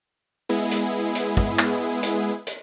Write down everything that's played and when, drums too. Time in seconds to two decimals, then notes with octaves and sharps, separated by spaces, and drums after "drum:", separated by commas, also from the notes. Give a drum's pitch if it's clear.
0.49 G#3 B3 E4 G#4
0.71 drum: hi-hat
1.15 drum: hi-hat
1.37 drum: kick
1.59 drum: clap
2.03 drum: hi-hat
2.47 drum: hi-hat